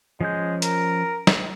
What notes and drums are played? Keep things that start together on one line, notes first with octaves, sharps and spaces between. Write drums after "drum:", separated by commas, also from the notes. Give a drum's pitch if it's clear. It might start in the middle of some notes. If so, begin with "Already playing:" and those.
F3 G#3 C#4 G6
A#4, drum: hi-hat
drum: snare